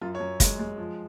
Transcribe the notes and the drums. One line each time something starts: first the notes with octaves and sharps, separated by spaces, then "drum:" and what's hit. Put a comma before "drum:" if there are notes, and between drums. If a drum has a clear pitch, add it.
F#2 F4
C#5
F#2
G#3, drum: kick, hi-hat
G#3
F3